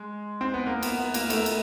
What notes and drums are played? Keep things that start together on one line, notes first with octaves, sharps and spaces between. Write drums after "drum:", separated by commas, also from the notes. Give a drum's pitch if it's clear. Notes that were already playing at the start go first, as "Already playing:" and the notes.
Already playing: G#3
C4
B3
A#3
B3, drum: cymbal
B3
A#3, drum: cymbal
A3, drum: cymbal
drum: cymbal